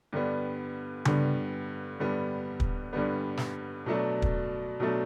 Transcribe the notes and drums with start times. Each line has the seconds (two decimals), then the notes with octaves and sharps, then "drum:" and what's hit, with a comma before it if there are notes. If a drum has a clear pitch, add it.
0.13 G2 D3 G3 B3
1.05 G2 D3 G3 B3, drum: tom C#3
1.99 G2 D3 G3 B3
2.60 drum: kick
2.93 G2 D3 G3 B3
3.37 drum: snare
3.86 B2 F#3 A3 D4
4.22 drum: kick
4.80 B2 F#3 A3 D4